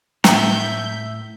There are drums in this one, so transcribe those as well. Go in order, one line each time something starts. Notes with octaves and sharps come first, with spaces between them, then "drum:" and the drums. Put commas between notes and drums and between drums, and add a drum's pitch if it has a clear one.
A2 E5 G6, drum: snare